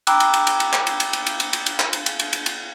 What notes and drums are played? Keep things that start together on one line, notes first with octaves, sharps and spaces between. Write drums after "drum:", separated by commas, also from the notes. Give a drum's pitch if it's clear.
G5 A#5 B5 D6 E6 F#6, drum: cymbal
drum: cymbal
drum: cymbal
drum: cymbal
drum: cymbal
drum: clap
drum: cymbal
drum: cymbal
drum: cymbal
drum: cymbal
drum: cymbal
drum: cymbal
drum: cymbal
drum: clap
drum: cymbal
drum: cymbal
drum: cymbal
drum: cymbal
drum: cymbal